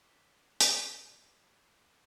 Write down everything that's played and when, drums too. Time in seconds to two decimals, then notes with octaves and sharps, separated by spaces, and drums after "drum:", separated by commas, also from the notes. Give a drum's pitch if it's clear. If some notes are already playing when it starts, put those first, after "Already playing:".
0.03 C#6 D6 F#6 B6 C7 G7
0.60 drum: hi-hat